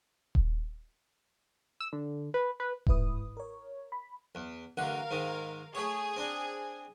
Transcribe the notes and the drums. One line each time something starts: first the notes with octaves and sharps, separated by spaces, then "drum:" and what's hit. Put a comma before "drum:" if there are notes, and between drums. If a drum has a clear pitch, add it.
drum: kick D#1
E6
D3
B4
B4
G1 G#2 E4 B4 D#6, drum: kick D#1
A#4 C#5
B5
E2
A1 D3 A#4 F5 F#5
G#2 D#3
A3 G#4 C#5 G#5
C4 D4